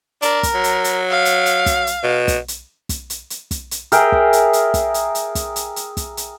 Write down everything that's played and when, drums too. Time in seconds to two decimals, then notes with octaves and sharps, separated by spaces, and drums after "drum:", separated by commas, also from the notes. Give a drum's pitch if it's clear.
0.22 D4 A#4, drum: hi-hat
0.43 drum: kick, hi-hat
0.54 F#3
0.64 drum: hi-hat
0.84 drum: hi-hat
1.10 F5
1.25 drum: hi-hat
1.46 drum: hi-hat
1.66 drum: kick, hi-hat
1.87 drum: hi-hat
2.03 B2
2.28 drum: kick, hi-hat
2.48 drum: hi-hat
2.89 drum: kick, hi-hat
3.10 drum: hi-hat
3.30 drum: hi-hat
3.51 drum: kick, hi-hat
3.71 drum: hi-hat
3.92 G#4 A#4 E5 G5, drum: hi-hat
4.12 drum: kick
4.33 drum: hi-hat
4.53 drum: hi-hat
4.74 drum: kick, hi-hat
4.94 drum: hi-hat
5.15 drum: hi-hat
5.35 drum: kick, hi-hat
5.56 drum: hi-hat
5.76 drum: hi-hat
5.97 drum: kick, hi-hat
6.17 drum: hi-hat